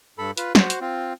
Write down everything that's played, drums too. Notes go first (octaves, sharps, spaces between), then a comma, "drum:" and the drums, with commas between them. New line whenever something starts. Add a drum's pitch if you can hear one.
G2 A4 B5
F4 B4, drum: hi-hat
F#4 C5, drum: snare
drum: hi-hat
C4 F4